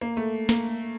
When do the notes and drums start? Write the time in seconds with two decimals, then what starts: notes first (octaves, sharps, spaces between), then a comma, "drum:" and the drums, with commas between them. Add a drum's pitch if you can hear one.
0.01 A#3
0.17 A3
0.49 A#3, drum: snare